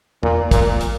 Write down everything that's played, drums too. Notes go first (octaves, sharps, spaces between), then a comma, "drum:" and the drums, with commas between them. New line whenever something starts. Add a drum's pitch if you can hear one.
A#2, drum: tom
A#2, drum: kick, hi-hat
drum: hi-hat